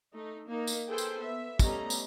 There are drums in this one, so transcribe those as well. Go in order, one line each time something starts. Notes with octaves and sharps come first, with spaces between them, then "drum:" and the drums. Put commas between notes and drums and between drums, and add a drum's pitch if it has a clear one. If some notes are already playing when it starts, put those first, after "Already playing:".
A3 D#4
A#3 D#4
drum: tambourine
G#4 A4 B4 C5 G5
drum: tambourine
B3 E5
G3 A3 B3 C#4 D#5 A#5, drum: kick, tambourine
drum: tambourine